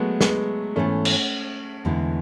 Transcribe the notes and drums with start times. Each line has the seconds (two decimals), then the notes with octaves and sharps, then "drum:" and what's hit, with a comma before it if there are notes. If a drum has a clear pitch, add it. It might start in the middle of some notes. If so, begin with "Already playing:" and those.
Already playing: F#3 G#3 A3 B3
0.21 G#3 B3, drum: snare
0.76 G#2 E3 A3 B3 C#4 E4 A4
1.05 drum: cymbal
1.85 E2 D3 G#3 B3 E4